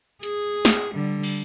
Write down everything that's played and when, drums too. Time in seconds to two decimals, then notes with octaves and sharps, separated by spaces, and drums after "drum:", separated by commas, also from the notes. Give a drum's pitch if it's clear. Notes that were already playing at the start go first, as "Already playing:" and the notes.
0.23 G#4, drum: hi-hat
0.65 drum: snare
0.95 D3 G3
1.23 drum: cymbal